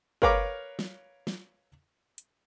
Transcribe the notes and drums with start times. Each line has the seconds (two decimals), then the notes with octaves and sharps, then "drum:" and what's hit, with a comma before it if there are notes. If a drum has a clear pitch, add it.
0.22 A#4 B4 C#5 F5 A#5 D6, drum: kick
0.79 drum: snare
1.27 drum: snare
2.18 drum: hi-hat